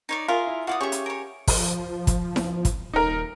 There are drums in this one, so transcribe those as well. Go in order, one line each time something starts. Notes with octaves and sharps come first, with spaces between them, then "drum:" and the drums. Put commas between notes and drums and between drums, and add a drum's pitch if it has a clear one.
D#4 C#5 D5
F4 G#4 A#4 E5
E4
E4 F#4 D5 F5 F#5 D#6
C#4 G4 G#4 E5 C#6
drum: hi-hat
A#4 C#5
F3, drum: kick, open hi-hat
drum: kick, hi-hat
drum: snare E4
drum: kick, hi-hat
D#1 D#4 A#4